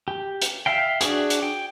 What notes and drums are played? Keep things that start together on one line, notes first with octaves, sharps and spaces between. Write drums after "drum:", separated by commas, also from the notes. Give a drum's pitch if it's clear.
G4
drum: hi-hat
E5 F5 G5
D4 F#4 G#4, drum: hi-hat
drum: hi-hat
G5